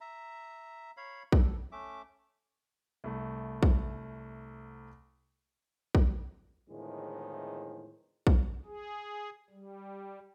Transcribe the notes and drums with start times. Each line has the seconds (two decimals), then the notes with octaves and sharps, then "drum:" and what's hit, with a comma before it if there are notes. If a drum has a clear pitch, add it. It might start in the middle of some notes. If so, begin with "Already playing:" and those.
0.01 E5 A#5
0.97 C#5 F5 B5
1.32 A4, drum: kick A#1
1.72 A3 C#4 E5 D6
3.04 C2 A3
3.63 drum: kick A#1
5.95 drum: kick A#1
6.69 E2 A2 D3 D#3 F3 G#3
8.27 drum: kick A#1
8.65 G#4
9.50 G3